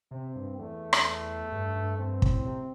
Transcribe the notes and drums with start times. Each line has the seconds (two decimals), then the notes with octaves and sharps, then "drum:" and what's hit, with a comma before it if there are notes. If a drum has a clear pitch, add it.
0.11 C3 C4
0.36 G2
0.58 E2 A3
0.93 drum: rim click
1.52 G2
1.76 G2
1.98 G2 C4
2.22 A2, drum: kick
2.45 C3